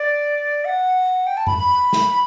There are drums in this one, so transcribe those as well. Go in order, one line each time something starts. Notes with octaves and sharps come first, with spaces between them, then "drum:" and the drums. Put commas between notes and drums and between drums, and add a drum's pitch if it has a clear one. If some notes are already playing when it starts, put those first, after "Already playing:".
Already playing: D5
F#5
G5
A5
B5, drum: tom F#2
B5
drum: snare
B5